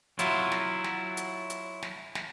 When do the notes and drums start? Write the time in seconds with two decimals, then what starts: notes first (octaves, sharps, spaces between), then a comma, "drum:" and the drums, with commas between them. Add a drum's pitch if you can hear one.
0.19 F#3 E4 F4, drum: hi-hat
0.52 drum: snare
0.84 drum: snare
1.17 drum: hi-hat
1.50 drum: hi-hat
1.82 drum: snare
2.15 drum: snare